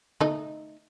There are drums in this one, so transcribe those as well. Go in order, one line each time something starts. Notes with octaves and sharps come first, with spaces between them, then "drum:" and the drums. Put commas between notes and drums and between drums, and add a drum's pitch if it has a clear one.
A3 D#4 D#5, drum: tom D3